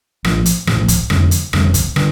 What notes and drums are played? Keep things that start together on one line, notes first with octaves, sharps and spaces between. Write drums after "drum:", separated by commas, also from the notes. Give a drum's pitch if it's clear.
A#1 A2 F3, drum: rim click
drum: hi-hat
A#1 A2 F3, drum: rim click
drum: kick, hi-hat
F1 F2 D3 G3, drum: rim click
drum: hi-hat
F1 F2 D3 G3, drum: rim click
drum: kick, hi-hat
D3 G3, drum: rim click